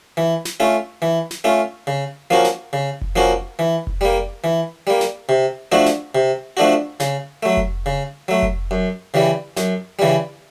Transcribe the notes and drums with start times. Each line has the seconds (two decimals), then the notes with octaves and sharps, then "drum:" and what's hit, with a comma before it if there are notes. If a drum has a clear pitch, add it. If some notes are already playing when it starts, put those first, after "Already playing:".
0.17 E3
0.45 drum: snare
0.60 A3 C#4 F4
1.02 E3
1.31 drum: snare
1.44 A3 C#4 F4
1.87 C#3
2.30 F3 A#3 C#4 F#4
2.45 drum: snare
2.73 C#3
3.01 drum: kick F1
3.16 F3 A#3 C#4 F#4
3.59 E3
3.87 drum: kick F1
4.01 G3 A#3
4.44 E3
4.87 G3 A#3
5.01 drum: snare
5.29 C3
5.72 F3 A3 D4 F#4
5.86 drum: snare
6.15 C3
6.57 F3 A3 D4 F#4
7.00 C#3, drum: snare
7.43 F#3 A3
7.57 drum: kick F1
7.86 C#3
8.28 F#3 A3
8.42 drum: kick F1
8.71 F#2
9.14 C#3 E3 G3
9.57 F#2, drum: snare
9.99 C#3 E3 G3